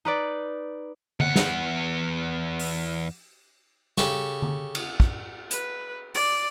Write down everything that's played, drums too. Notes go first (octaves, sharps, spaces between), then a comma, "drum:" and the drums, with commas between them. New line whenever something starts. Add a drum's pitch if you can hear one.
D#4 B4 D5
E2 F#5, drum: tom D3
drum: snare
drum: open hi-hat
C#3 G4 A4 C#6, drum: snare
drum: tom D3
drum: cymbal
drum: kick
B4, drum: hi-hat
D5, drum: open hi-hat